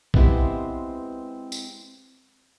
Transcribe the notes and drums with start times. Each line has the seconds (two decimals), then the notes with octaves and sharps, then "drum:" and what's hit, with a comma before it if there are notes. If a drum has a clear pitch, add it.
0.14 G#3 B3 C4 E4 G4, drum: kick B1
1.52 drum: tambourine